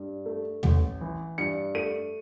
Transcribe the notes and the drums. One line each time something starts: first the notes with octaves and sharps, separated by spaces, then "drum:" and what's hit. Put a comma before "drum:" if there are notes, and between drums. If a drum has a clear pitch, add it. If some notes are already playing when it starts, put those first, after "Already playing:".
Already playing: G2
A3
A1, drum: tom
E3
G2 C#7
A3 D#7